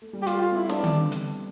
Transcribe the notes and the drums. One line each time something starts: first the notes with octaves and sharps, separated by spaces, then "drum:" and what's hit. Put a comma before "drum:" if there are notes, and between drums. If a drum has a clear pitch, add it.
A3
G3
G4
G3 F4, drum: hi-hat
A3
F4
B3 E4
C4 D4, drum: snare
drum: tom D3
drum: hi-hat